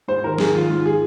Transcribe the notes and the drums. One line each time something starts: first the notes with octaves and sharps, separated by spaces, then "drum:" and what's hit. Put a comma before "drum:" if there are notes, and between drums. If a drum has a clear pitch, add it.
G#2 C5
D#3 A#4
G#2 G#4, drum: snare
D#3 F4
G#2 F4
G#4